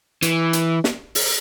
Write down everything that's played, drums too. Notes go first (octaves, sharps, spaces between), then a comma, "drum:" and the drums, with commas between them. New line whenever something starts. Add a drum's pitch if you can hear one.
E3, drum: hi-hat
drum: hi-hat
drum: snare
drum: open hi-hat